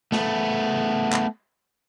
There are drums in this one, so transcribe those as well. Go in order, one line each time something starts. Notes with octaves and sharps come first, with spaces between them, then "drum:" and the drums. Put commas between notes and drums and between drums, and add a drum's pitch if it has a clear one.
A3 B3, drum: snare
drum: clap